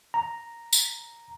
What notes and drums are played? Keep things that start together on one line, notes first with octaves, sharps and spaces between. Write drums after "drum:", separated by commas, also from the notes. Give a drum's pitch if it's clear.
A#5
drum: tambourine